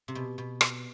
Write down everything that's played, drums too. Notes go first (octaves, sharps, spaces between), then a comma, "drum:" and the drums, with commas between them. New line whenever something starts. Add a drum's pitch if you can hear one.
C3
B2
B2
drum: rim click